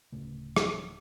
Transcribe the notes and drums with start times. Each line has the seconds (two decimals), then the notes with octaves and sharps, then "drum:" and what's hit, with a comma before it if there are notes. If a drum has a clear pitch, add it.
0.12 D1 C#3 A3
0.56 drum: rim click